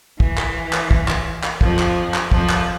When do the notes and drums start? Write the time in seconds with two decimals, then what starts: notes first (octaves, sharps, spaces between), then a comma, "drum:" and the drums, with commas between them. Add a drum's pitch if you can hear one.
0.20 E3, drum: kick
0.38 drum: clap
0.73 drum: clap
0.91 drum: kick
1.08 drum: clap
1.44 drum: clap
1.61 F2 F3, drum: kick
1.79 drum: clap
2.14 drum: clap
2.32 F2 F3, drum: kick
2.50 drum: clap